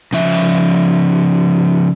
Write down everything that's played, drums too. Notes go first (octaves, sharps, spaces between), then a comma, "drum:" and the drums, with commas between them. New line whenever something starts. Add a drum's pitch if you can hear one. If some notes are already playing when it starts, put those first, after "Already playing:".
C#3 F3 E5, drum: hi-hat
drum: open hi-hat